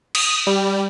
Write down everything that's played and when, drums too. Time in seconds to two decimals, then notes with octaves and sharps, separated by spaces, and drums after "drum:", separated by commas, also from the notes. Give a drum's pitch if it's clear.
0.15 D#6, drum: cymbal
0.47 G3